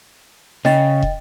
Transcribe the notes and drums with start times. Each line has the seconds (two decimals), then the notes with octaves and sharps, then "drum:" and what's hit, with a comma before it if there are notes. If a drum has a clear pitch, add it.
0.65 C#3 D#5 G5 A6, drum: snare
1.02 drum: kick